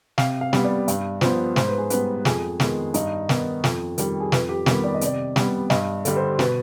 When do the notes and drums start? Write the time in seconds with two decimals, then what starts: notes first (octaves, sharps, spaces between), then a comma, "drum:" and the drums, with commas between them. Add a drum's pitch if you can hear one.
0.18 C3 F5, drum: snare
0.41 F5
0.53 G3 B3, drum: snare
0.64 D5
0.88 G2, drum: hi-hat
1.21 F3 B3 C5, drum: snare
1.56 G#2 C5, drum: snare
1.68 B4
1.78 G#4
1.90 G3 B3 B4, drum: hi-hat
2.25 F2 G#4, drum: snare
2.60 D#3 G#3 B3, drum: snare
2.94 G2 D#4, drum: hi-hat
3.29 D#3 B3, drum: snare
3.64 F2, drum: snare
3.98 D#3 G3, drum: hi-hat
4.20 G#4
4.32 F2 B4, drum: snare
4.49 G4
4.66 D#3 G3 B3 G4, drum: snare
4.84 D5
4.95 D#5
5.01 C3 D5, drum: hi-hat
5.36 G3 B3, drum: snare
5.70 G2 D#5, drum: snare
6.05 D3 G3, drum: hi-hat
6.16 C5
6.39 B2 B4, drum: snare